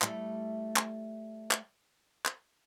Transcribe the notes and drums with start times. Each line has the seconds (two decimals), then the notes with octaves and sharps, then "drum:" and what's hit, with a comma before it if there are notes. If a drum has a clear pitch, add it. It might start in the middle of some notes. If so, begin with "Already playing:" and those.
0.02 G3 A3 E4, drum: clap
0.76 drum: clap
1.51 drum: clap
2.25 drum: clap